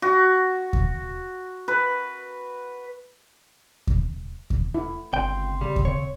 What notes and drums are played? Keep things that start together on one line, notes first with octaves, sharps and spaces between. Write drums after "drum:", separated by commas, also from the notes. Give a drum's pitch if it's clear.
F#4
drum: kick D#2
B4
drum: kick D#2
drum: kick D#2
E4
G1 C#2 C4 G5
C#3 G3
drum: kick D#2
C#5